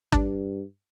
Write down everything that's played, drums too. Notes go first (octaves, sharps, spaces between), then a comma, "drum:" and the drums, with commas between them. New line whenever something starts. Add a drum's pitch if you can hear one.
G2 D4, drum: kick